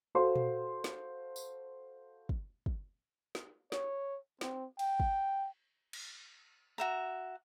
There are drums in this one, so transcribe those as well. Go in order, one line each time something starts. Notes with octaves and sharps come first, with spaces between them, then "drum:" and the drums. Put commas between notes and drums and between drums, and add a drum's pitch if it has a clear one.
F#4 A4 C5 F5 C6
drum: tom A#2
drum: snare
drum: tambourine
drum: kick
drum: kick
drum: snare
C#5, drum: snare
C4, drum: snare
G5, drum: cymbal
drum: kick
drum: cymbal
F#4 E5 A#5